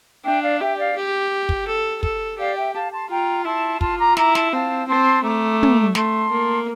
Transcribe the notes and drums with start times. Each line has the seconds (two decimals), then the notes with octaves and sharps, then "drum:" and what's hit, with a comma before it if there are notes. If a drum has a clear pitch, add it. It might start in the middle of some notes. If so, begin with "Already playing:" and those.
0.24 D4 E5 G5
0.42 D5 F5
0.60 G4 E5 G5
0.78 D5 F5
0.96 G4
1.49 drum: kick
1.68 A4
2.03 A4, drum: kick
2.39 G4 D5 F5
2.56 E5 G5
2.74 F5 A5
2.92 A5 C6
3.10 F4 G5 A#5
3.45 E4 A5 C6
3.81 F4 A5 C6, drum: kick
3.99 A#5 D6
4.17 E4 A#5 D6, drum: snare
4.35 A5 C6, drum: snare
4.52 C4 F5 A5
4.88 C4 A5 C6
5.23 A3 A#5 D6
5.63 drum: tom
5.95 A3 A5 C6, drum: snare
6.30 A#3